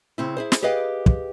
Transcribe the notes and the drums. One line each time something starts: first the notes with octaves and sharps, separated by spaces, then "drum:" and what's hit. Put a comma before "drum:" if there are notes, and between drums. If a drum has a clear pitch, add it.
C#3 C4 E4
E4 G#4 C5
drum: snare
G4 G#4 B4 D#5 F5 G5
drum: kick